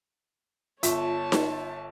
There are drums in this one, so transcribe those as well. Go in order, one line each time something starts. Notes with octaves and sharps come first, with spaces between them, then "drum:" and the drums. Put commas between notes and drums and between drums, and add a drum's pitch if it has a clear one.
G1 F4 C#5 E5 A5 C#6, drum: hi-hat
drum: snare D#4